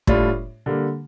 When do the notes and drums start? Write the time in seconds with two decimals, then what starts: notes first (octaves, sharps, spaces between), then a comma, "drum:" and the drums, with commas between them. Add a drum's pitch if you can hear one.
0.07 A2 G3 D4 F4, drum: kick
0.66 D3 G3 A#3